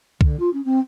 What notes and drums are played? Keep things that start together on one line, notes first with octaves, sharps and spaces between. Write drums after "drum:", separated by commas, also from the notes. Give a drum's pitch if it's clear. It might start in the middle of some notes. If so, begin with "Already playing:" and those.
D3, drum: kick C2
F4
C#4
C4